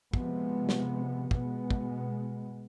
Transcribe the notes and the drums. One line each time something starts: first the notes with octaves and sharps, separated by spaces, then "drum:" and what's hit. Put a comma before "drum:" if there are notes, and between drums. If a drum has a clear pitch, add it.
C3 F3 G#3 B3, drum: kick
drum: snare
B2 G#3 B3, drum: kick
drum: kick